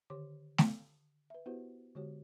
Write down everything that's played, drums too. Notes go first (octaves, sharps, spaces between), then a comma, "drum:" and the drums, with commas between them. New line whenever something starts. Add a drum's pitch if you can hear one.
D3 D#3 G4 C#5 C6 D6
drum: snare A3
B4 E5
B3 E4 F#4 G4 B4 C5
D3 G#3 F#4 G4 C#5